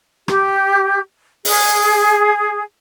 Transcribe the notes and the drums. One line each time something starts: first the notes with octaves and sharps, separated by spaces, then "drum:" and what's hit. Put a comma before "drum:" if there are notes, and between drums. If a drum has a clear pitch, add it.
G4, drum: rim click
G#4, drum: open hi-hat